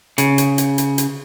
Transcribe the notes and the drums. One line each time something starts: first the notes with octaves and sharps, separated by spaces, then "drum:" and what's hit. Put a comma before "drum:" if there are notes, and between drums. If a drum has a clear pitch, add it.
C#3, drum: hi-hat
drum: hi-hat
drum: hi-hat
drum: hi-hat
drum: hi-hat